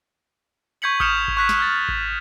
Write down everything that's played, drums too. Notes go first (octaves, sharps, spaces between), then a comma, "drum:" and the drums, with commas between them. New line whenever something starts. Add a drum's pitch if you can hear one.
C#6 G6 G#6 B6 C#7 F#7
D#6 F6 G6 C#7 E7 F7, drum: kick G#1
drum: kick G#1
C#6 F#6 B6 E7
drum: snare
F6 G#6 A6
drum: kick G#1